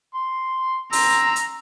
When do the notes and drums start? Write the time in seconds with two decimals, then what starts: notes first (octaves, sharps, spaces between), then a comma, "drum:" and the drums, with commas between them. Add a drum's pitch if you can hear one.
0.14 C6
0.93 A#5 C6 E6, drum: open hi-hat
1.36 drum: hi-hat